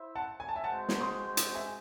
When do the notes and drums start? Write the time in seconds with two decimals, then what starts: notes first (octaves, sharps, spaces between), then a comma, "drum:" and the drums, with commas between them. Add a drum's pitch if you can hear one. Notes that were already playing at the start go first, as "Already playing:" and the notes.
Already playing: E4 C5 E5
0.15 F#5 A5
0.40 G#5
0.48 A5
0.56 E5 G#5
0.64 G#3 C4 F#4 C5 F#5 A5
0.89 drum: snare
1.01 C6 D#6
1.37 drum: hi-hat
1.55 E5 G#5